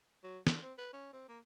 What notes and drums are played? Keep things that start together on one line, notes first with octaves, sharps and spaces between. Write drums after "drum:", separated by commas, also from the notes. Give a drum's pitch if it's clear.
F#3
D3, drum: snare
C4
B4
C#4
C4
A#3